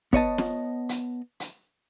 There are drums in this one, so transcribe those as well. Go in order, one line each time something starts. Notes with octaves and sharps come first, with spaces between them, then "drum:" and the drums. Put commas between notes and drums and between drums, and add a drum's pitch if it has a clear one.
B3 C#5 D#5 A5, drum: kick
drum: snare
drum: hi-hat
drum: hi-hat